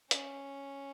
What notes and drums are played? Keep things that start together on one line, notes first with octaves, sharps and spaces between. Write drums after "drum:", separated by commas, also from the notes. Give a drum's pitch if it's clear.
C#4, drum: hi-hat